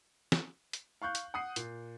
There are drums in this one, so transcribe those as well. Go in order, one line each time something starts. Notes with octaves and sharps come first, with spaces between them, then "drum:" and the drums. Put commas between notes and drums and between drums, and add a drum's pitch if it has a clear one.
drum: snare
drum: hi-hat
F5 C#6 F#6 G6
drum: hi-hat
F#5 D#6 C7
A#2, drum: hi-hat